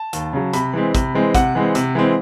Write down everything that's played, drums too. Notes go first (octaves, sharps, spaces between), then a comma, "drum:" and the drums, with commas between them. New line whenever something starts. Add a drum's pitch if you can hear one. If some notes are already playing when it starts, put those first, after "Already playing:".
Already playing: A5
D#2, drum: hi-hat
C#3 F#3
C3 B5, drum: hi-hat
E3 G#3 C4
C3, drum: kick, hi-hat
E3 G#3 C4
C3 F#5, drum: kick, hi-hat
E3 G#3 C4
C3, drum: hi-hat
E3 G#3 C4